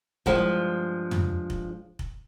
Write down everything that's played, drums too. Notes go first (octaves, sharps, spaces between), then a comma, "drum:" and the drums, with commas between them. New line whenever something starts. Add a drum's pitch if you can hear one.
G2 F3 G#3, drum: kick
drum: tom
drum: kick
drum: kick